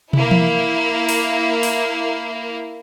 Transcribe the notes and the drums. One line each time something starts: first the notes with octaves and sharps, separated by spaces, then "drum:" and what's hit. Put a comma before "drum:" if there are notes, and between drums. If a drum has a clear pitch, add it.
A#3 E4, drum: tom
drum: tom E3
drum: open hi-hat
drum: open hi-hat